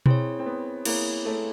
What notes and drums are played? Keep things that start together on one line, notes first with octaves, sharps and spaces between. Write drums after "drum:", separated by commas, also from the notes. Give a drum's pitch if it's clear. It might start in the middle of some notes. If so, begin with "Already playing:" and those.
C4 E4 G#4 C#5, drum: tom B2
C4
B3
A#3 E4 G#4 C#5, drum: cymbal
A3